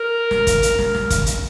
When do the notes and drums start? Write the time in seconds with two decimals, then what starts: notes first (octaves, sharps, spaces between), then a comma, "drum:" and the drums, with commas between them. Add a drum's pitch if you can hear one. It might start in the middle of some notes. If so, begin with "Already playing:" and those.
Already playing: A#4
0.31 drum: snare
0.47 drum: kick, hi-hat
0.63 drum: hi-hat
0.79 drum: snare
0.95 drum: snare
1.10 drum: kick, hi-hat
1.26 drum: hi-hat